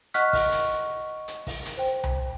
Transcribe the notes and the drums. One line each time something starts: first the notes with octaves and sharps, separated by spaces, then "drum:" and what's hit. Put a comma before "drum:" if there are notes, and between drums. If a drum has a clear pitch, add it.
D#5 F#5 C#6 F6 F#6 B6, drum: hi-hat
drum: kick, open hi-hat
drum: hi-hat
drum: hi-hat
drum: kick, open hi-hat
drum: hi-hat
C5 G5
drum: tom C2